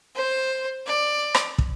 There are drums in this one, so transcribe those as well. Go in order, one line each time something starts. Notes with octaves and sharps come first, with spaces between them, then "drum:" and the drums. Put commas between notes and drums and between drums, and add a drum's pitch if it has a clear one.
C5
D5
drum: rim click
drum: kick